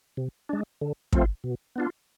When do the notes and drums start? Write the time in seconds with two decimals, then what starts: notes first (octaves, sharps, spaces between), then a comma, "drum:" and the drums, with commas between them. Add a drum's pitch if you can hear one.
0.17 C3
0.49 G#3 D4
0.81 D3
1.13 F3 A3 C4 F4, drum: kick
1.44 B2
1.76 B3 D4 F4